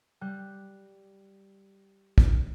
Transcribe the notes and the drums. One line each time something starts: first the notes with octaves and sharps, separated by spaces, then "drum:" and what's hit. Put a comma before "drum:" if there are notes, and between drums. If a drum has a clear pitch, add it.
G3 F#6 G6
drum: kick